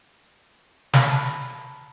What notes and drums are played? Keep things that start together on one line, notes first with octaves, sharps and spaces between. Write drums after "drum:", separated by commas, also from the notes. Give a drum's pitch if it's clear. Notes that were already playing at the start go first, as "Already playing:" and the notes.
B5, drum: snare
A5 A#5